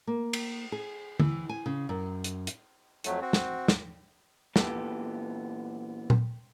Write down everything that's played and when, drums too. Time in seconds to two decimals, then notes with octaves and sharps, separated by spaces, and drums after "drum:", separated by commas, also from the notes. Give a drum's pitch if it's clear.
0.07 A#3
0.33 drum: cymbal
0.72 G#4
1.20 E3, drum: tom D3
1.49 G#5
1.66 C#3
1.89 F#2
2.24 drum: hi-hat
2.47 drum: hi-hat
3.04 F2 F#3 A3, drum: hi-hat
3.21 C4 F#4
3.33 drum: snare
3.68 drum: snare
4.56 A#2 E3 B3 G4 A4, drum: snare
6.10 drum: tom A#2